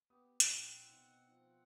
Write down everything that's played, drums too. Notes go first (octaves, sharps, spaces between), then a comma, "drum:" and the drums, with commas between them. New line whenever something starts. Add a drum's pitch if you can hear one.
B3 G4 D#6
A#1 A#2 C4 F#5, drum: hi-hat
B2 D#4
F3